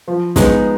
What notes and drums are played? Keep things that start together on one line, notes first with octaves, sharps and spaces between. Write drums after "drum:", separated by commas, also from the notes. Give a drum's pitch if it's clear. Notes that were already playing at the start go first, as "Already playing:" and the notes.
F3
G#3 B3 D#4, drum: snare